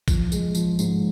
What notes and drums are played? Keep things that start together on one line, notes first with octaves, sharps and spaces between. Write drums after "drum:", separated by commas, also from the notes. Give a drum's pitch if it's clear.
F3, drum: kick, tambourine
G#3, drum: tambourine
F3, drum: tambourine
G#2, drum: tambourine